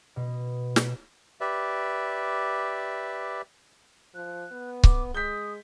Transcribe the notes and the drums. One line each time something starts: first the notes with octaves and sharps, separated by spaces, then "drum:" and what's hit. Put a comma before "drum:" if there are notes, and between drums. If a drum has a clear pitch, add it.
B2
drum: snare
G4 B4 D5 E5
F3 F#6
B3
D6, drum: kick C#1
G#3 D#6 G6 B6